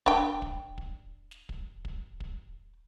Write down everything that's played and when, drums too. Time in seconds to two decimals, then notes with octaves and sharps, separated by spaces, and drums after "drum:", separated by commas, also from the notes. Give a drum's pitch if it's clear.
0.06 D4 G5, drum: kick
0.42 drum: kick
0.78 drum: kick
1.31 drum: snare
1.49 drum: kick
1.85 drum: kick
2.20 drum: kick